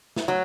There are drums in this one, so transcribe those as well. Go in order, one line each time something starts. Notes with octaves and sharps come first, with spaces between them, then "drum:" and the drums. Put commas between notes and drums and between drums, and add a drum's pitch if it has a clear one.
drum: snare
F#3